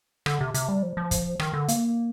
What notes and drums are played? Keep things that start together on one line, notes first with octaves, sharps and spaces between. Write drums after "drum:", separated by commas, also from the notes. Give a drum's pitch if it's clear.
D3, drum: rim click
C3
C3, drum: hi-hat
G3
F3
F3
drum: kick, hi-hat
D#3, drum: rim click
D3
A#3, drum: hi-hat